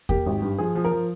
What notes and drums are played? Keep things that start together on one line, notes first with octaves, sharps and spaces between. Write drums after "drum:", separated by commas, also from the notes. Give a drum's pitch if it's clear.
A#3 G4, drum: kick E2
G#1
G2
F3 G#4
F3
A#4
F3